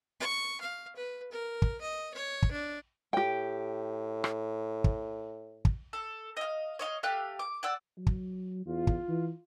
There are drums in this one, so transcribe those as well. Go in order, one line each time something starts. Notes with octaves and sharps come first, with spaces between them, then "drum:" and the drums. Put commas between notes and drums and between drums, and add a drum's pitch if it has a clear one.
C#6
F5
B4
A#4
drum: kick
D#5
C#5
drum: kick
D4
A2 G4 G5
drum: rim click
drum: kick
drum: kick
A4
D#5 F5
C#5 D#5 F5
A3 G4 F5 F#6
D6
D5 F#5 E6
F#3
drum: kick
E2 F4
drum: kick
E3